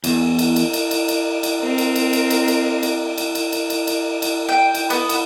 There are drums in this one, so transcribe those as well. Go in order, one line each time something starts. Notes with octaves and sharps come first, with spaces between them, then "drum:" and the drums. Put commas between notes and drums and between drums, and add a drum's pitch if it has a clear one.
E2, drum: cymbal
drum: cymbal
drum: cymbal
drum: cymbal
drum: cymbal
drum: cymbal
drum: cymbal
C4 A#4
drum: cymbal
drum: cymbal
drum: cymbal
drum: cymbal
drum: cymbal
drum: cymbal
drum: cymbal
drum: cymbal
drum: cymbal
drum: cymbal
drum: cymbal
drum: cymbal
G5
drum: cymbal
B3, drum: cymbal
drum: cymbal